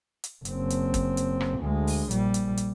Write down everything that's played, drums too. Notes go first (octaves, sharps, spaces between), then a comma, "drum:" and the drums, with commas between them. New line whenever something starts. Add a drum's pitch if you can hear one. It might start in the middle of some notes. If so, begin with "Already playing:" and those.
drum: hi-hat
F#1 C4, drum: hi-hat
drum: hi-hat
drum: kick, hi-hat
drum: hi-hat
drum: rim click
D2 G#3
drum: open hi-hat
A#1 G3, drum: hi-hat
drum: hi-hat
drum: hi-hat